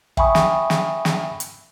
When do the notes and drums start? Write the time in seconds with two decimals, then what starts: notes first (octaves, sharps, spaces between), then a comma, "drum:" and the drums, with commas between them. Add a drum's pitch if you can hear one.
0.17 E5 G5 G#5 B5 C#6 D#6, drum: kick
0.35 drum: snare
0.70 drum: snare
1.05 drum: snare
1.40 drum: hi-hat